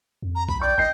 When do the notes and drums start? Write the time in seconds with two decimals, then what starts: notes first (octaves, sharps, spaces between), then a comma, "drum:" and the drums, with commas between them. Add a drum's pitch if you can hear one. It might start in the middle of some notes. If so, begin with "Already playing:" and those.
0.22 F2
0.35 A#5
0.49 B1 B5, drum: kick
0.62 D5 G5 C#6
0.78 A#1 D#5 G6 C7